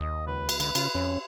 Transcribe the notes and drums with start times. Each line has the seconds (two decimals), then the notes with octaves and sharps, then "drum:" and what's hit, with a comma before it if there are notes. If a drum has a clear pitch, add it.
0.01 D#2 D#5
0.27 C#2 B4
0.49 drum: cymbal
0.60 D3 B4, drum: cymbal
0.75 C#3 F4, drum: cymbal
0.95 F2 C#4